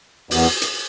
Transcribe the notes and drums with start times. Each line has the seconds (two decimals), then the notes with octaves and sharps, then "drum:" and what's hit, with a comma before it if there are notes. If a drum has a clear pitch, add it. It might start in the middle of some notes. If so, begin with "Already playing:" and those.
0.31 E2, drum: open hi-hat
0.62 drum: hi-hat